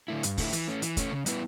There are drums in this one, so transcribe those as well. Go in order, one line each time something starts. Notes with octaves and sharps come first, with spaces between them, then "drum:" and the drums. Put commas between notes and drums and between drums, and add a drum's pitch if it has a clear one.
D3 A3 E4
G2, drum: hi-hat
D3 A3 E4, drum: kick, open hi-hat
E3, drum: hi-hat
A3 C#4
E3, drum: hi-hat
A3 C#4, drum: kick, hi-hat
C#3
G3 B3 E4 B4, drum: hi-hat